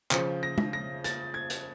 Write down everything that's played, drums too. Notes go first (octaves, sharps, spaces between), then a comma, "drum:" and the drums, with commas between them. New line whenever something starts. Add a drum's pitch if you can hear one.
C#3 F3, drum: clap
A#6
drum: tom G#3
A#6
A6, drum: hi-hat
G#6
drum: hi-hat